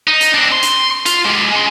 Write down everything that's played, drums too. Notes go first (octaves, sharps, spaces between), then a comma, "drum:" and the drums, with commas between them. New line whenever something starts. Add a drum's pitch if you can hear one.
D#4
drum: hi-hat
C4 D4
C6
drum: hi-hat
F4, drum: hi-hat
G#3 G4
C#4 C6